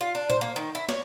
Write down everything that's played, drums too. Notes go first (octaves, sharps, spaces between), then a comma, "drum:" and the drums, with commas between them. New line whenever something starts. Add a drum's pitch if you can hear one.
F4
D4
C5, drum: tom A#2
A#3
D#3
E4
C#5, drum: snare